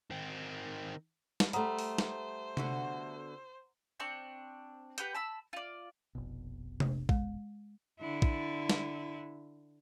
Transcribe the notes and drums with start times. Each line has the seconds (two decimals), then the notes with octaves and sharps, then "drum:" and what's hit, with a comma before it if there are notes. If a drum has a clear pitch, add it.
0.11 D#3 C4
1.40 drum: snare
1.53 G3 A3 C5 F#5 A#5 D#6, drum: hi-hat
1.79 drum: open hi-hat
1.98 drum: snare
2.57 B2 D3 F#4, drum: tom C3
4.00 C4 D4 C#6 G6
4.98 G4 B4 F#5 G6, drum: hi-hat
5.14 A5 B5 E6
5.53 F4 D5
6.15 F1 A#1 B2
6.80 drum: tom C3
7.09 G#3, drum: kick
8.00 D3 E4
8.22 drum: kick
8.70 drum: snare